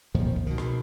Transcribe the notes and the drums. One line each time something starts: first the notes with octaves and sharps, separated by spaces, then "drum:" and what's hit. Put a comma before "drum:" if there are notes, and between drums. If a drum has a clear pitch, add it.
F2 A#2 D#3 F3
drum: kick C#2
B2 D#3
drum: rim click